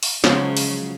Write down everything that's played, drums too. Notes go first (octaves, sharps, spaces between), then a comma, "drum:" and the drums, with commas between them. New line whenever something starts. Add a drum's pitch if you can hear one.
drum: open hi-hat
C#3 F3 F#3 G#3, drum: snare
drum: open hi-hat